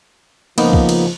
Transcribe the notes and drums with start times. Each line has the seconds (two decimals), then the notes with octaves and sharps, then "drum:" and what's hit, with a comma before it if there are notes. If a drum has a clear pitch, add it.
0.58 C#2 F3 A#3 B3 D#4, drum: cymbal
0.73 drum: kick
0.89 drum: cymbal